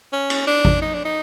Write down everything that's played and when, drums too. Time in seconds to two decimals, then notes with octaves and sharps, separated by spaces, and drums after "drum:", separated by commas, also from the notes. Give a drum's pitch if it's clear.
0.13 C#4
0.30 drum: cymbal
0.47 D4
0.65 drum: kick
0.82 D#4
0.94 D4
1.05 D#4